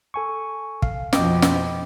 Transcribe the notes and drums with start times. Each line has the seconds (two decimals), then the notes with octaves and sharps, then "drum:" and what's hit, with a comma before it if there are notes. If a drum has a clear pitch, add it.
0.14 A4 G#5 C#6
0.82 F5, drum: kick
1.13 F2 B2 F3 D#5 G5 D6, drum: snare
1.42 drum: snare